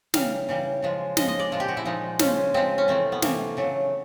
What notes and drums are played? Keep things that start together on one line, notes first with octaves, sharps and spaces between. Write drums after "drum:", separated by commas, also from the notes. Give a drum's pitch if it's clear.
C#3 E3 G3 F5, drum: snare
C#3 E3 G3
C#3 F3 G#3
C#3 F3 G#3 D#5, drum: snare
D#5
D5
A#2 F3 G#3
G4
F#4
E4
A#2 F3 G#3 D#4
C#3 F3 G#3 C#4, drum: snare
C#3 F3 G#3 C4
C#4
C3 E3 A3 C4
B3
C3 E3 A3 A#3, drum: snare
C#3 F#3 A3